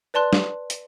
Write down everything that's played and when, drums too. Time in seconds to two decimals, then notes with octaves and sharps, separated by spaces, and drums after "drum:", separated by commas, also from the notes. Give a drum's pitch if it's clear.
0.14 B4 D5 A5 C6 F#6
0.33 drum: snare
0.70 drum: hi-hat